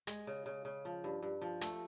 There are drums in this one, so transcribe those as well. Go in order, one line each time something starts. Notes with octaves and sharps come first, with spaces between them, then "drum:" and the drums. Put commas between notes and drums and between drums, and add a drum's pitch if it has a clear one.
G#3, drum: hi-hat
C#3
C#3
C#3
F3
G2
G2
F3
A3, drum: hi-hat